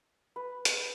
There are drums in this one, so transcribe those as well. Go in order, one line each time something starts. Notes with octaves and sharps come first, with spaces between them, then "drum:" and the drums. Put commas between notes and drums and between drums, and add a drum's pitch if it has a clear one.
B4
drum: hi-hat